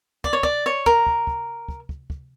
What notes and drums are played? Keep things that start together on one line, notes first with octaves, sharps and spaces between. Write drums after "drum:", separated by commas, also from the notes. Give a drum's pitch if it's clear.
D5, drum: kick
C#5
D5, drum: kick
C#5
A#4, drum: kick
drum: kick
drum: kick
drum: kick
drum: kick
drum: kick